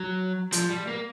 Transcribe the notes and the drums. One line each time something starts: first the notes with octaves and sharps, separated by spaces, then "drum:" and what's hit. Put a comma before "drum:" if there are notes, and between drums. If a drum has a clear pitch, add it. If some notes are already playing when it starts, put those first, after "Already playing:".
Already playing: F#3
F3, drum: hi-hat
G3
A#3